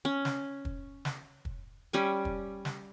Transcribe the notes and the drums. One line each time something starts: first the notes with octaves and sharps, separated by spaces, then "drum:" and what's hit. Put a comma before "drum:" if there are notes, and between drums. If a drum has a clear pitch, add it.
C#4
drum: snare
drum: kick
drum: snare
drum: kick
G3 C#4 G#5
drum: kick
drum: snare